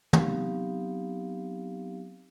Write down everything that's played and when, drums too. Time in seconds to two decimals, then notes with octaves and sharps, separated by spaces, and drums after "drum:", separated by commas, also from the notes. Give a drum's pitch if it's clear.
0.13 F#3 B3 C4 D#4 G4 F5, drum: tom